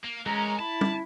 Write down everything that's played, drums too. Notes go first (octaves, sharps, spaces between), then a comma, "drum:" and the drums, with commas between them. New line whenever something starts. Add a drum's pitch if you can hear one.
A#3
E3 G#3 C#4 A#4 A#5
E4 A5 B5
drum: tom